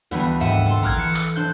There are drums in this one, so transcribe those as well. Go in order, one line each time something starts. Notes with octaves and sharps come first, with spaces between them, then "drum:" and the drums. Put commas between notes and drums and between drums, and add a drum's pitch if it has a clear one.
D2 E3 G3 B3
D#2 G#2 E5 F#5 D#7
A4 C6, drum: tom
A#5 D6 F6 F#6 G#6 A#6, drum: kick
E3 A4 C#7
drum: clap
F1 D4 C5 F#6 G6